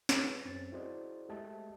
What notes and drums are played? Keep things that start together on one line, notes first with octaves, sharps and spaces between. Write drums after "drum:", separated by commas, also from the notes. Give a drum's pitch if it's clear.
G#4 B4 C#5, drum: snare
F#2 C4 C#4 A6
E4 F#4 G#4 C5 D5 D#5
G#3 A3 G4 D#5 E5 A5